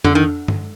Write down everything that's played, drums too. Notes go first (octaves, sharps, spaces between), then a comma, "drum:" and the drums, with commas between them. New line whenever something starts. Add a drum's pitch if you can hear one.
D3, drum: tom F2
D#3
drum: tom G2